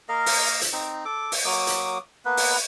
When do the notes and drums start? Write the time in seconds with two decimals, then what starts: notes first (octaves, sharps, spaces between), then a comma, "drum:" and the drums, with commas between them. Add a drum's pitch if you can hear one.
0.09 A#3 A#4 D#5 F5
0.26 drum: open hi-hat
0.61 drum: hi-hat
0.73 C4 D#4
1.05 A4 D6
1.32 drum: open hi-hat
1.45 F#3 A#3 D6 D#6
1.67 drum: hi-hat
2.25 A#3 B3 B4
2.37 drum: open hi-hat